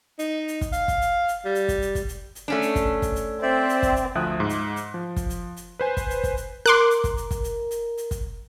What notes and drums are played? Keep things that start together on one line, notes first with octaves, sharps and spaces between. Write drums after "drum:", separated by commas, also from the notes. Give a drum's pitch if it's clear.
D#4, drum: hi-hat
drum: hi-hat
drum: kick, hi-hat
F5, drum: hi-hat
drum: kick, hi-hat
drum: hi-hat
drum: hi-hat
G3
drum: hi-hat
drum: kick, hi-hat
drum: hi-hat
drum: kick, hi-hat
drum: hi-hat
drum: hi-hat
A3 C#4 D4
drum: hi-hat
drum: kick, hi-hat
drum: kick, hi-hat
drum: hi-hat
C4 C5 D5 E5
drum: hi-hat
drum: kick, hi-hat
drum: hi-hat
D2 F3 E5 D#6 F#6
G#2
drum: hi-hat
drum: hi-hat
F3
drum: kick, hi-hat
drum: hi-hat
drum: hi-hat
B4 C5 G#5
drum: kick, hi-hat
drum: hi-hat
drum: kick, hi-hat
drum: hi-hat
A#4 C6 D6 F#6, drum: hi-hat
drum: hi-hat
drum: kick, hi-hat
drum: hi-hat
drum: kick, hi-hat
drum: hi-hat
drum: hi-hat
drum: hi-hat
drum: kick, hi-hat